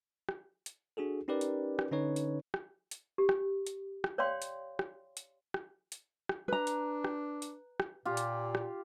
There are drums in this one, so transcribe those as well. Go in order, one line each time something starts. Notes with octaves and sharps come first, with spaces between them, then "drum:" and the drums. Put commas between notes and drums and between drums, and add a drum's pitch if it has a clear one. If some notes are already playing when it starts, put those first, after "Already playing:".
drum: rim click
drum: hi-hat
D4 F#4 G#4 A4
C#4 D#4 G4 A#4 B4 D5
drum: hi-hat
drum: rim click
D3 C#4 D#4 B4 C#5
drum: hi-hat
drum: rim click
drum: hi-hat
G4
drum: rim click
drum: hi-hat
drum: rim click
C#5 D5 F5 G5 C6
drum: hi-hat
drum: rim click
drum: hi-hat
drum: rim click
drum: hi-hat
drum: rim click
D4 B4 A#5
drum: hi-hat
drum: rim click
drum: hi-hat
drum: rim click
A#2 F4 G4
drum: hi-hat
drum: rim click